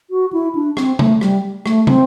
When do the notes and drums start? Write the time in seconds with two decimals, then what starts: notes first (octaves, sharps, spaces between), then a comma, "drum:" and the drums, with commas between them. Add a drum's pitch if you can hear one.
0.10 F#4
0.33 E4
0.55 D4
0.77 C4, drum: rim click
0.99 A3, drum: tom
1.21 G3, drum: rim click
1.66 A3, drum: rim click
1.87 C4, drum: tom